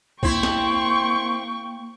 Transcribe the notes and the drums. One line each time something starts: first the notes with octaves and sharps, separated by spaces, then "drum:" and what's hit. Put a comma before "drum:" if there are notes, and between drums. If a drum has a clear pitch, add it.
A#3 C4 E4 G5 C#6, drum: kick
drum: snare